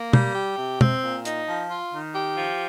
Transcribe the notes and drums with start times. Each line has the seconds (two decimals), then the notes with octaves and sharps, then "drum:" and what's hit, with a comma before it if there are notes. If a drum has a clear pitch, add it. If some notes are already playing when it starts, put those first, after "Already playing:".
Already playing: A#3
0.13 G3, drum: tom B2
0.35 G4
0.58 C3
0.81 C4, drum: tom B2
1.03 A#2
1.25 D#4, drum: hi-hat
1.48 F3
1.70 F4
1.92 D#3
2.15 G4
2.38 F3